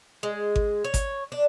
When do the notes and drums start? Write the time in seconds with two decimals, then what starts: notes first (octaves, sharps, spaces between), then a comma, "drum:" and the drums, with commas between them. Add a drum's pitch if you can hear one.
0.23 G#3
0.56 drum: kick G#1
0.84 C#5
0.94 drum: kick G#1, hi-hat
1.32 D4